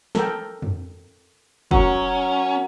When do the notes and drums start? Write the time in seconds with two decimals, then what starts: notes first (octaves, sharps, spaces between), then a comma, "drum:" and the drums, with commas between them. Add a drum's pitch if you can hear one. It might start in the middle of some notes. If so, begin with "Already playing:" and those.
0.15 A4 A#4 G5, drum: snare
0.62 drum: tom F2
1.71 F#3 C#4 F#4 A#4, drum: kick